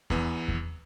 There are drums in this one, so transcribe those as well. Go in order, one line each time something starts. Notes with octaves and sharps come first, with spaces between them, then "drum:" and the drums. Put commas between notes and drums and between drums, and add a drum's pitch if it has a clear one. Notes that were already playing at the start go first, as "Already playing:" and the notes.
E2 E3 B3, drum: kick E2
drum: kick E2